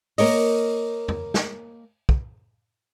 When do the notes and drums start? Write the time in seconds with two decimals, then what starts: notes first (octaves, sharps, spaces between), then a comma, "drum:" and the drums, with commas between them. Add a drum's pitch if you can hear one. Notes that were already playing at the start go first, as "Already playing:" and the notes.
0.18 A#3 A#4 C#5 D#5, drum: open hi-hat
1.08 drum: tom E2
1.34 drum: snare
2.09 drum: kick